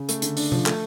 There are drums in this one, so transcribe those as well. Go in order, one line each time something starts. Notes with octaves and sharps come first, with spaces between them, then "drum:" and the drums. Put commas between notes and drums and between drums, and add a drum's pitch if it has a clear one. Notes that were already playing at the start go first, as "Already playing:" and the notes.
Already playing: C#3
A3, drum: hi-hat
D3, drum: hi-hat
D4, drum: open hi-hat
F3, drum: tom C3
A3, drum: clap